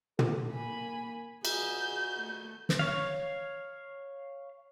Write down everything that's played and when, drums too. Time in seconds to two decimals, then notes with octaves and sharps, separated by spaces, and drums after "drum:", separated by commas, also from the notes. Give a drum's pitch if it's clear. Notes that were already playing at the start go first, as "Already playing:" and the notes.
0.19 A4, drum: tom
0.52 A#3 G#5 B5
1.45 F#4 G#4 G6, drum: cymbal
2.16 A3
2.69 drum: snare
2.79 C#5 F5